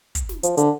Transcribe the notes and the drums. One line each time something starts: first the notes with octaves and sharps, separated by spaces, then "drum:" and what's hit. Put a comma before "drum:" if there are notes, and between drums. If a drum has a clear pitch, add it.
drum: kick, hi-hat
drum: snare
F3, drum: hi-hat
D3, drum: hi-hat